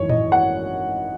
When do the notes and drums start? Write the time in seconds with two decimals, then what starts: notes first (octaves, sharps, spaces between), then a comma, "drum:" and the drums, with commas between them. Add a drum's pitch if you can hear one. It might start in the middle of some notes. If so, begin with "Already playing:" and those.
Already playing: G#1 F#2 E3 C#5
0.09 D#5, drum: tom A2
0.32 F#5